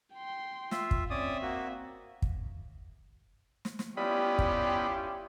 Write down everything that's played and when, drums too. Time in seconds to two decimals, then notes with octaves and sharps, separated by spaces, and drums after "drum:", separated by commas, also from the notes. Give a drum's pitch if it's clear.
0.14 G5 C6
0.71 F4 E5, drum: snare
0.91 drum: kick
1.10 C4 C#4 D5 E5 D#6
1.42 A#3 F#4
2.22 drum: kick
3.65 drum: snare
3.79 drum: snare
3.97 G3 B3 C#4 E4 F4 G4 D#5 B5
4.39 drum: kick